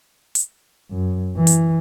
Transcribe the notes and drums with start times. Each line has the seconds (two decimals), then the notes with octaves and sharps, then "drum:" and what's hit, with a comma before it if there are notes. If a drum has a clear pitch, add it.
0.35 drum: hi-hat
0.91 F#2
1.37 E3
1.47 drum: hi-hat